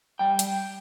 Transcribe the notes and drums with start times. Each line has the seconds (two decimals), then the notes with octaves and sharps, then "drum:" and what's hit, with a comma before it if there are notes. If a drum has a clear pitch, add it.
0.19 G3 G5
0.39 drum: hi-hat